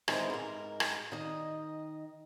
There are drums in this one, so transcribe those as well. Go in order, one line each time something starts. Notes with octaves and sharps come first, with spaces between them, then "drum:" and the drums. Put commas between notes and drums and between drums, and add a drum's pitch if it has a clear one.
D#3 E3 G#3 C4 A#4, drum: rim click
G#2 A#4
drum: rim click
D#3 D#5